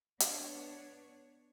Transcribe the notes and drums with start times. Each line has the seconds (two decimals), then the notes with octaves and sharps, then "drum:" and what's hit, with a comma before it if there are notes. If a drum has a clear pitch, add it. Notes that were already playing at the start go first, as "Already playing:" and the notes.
0.20 B3 D4 C#5, drum: hi-hat